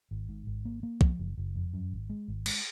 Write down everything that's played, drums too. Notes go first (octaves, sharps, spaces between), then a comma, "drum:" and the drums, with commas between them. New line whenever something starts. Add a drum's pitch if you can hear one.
G#1
G#2
G#1
A#3
A#3
F3, drum: kick
F#1
F#1
F2
F#2
G#1
G#3
G#1
G#3, drum: cymbal